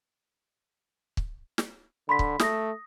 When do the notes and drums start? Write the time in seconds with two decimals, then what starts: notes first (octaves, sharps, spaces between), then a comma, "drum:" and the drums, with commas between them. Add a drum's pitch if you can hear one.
1.17 drum: kick
1.58 drum: snare
2.09 D3 B5 C6 B6
2.19 drum: kick
2.40 A3 D#6 A#6, drum: snare